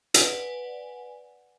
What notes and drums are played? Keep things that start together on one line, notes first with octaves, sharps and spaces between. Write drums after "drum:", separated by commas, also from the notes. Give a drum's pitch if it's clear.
B4 D5 F#5 G#5, drum: hi-hat